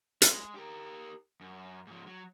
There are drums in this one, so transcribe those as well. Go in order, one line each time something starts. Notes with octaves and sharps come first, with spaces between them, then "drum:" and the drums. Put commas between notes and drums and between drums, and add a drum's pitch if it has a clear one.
G#3, drum: hi-hat
G4 A#4
F#2
G#2 F3
F#3